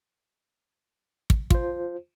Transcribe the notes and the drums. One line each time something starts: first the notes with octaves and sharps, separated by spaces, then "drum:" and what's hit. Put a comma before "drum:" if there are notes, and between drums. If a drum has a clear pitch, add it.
drum: kick
F4 C5, drum: kick